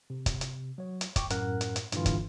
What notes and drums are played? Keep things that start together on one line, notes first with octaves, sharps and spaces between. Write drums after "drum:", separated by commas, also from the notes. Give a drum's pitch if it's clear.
C3
drum: kick, hi-hat
drum: hi-hat
F#3 C#5
drum: hi-hat
G5 C#6 D6, drum: kick, hi-hat
F#2 A2 A#4 F#5 F#6, drum: hi-hat
drum: hi-hat
drum: hi-hat
G2 A#2 D3 E3 F4, drum: hi-hat
drum: kick, hi-hat